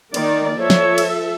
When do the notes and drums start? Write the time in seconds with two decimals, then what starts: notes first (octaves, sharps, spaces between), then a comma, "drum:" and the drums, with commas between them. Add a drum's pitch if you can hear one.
0.14 D#3 A#3 D5, drum: cymbal
0.58 F3 A4 C#5 E5
0.70 drum: snare
0.98 drum: cymbal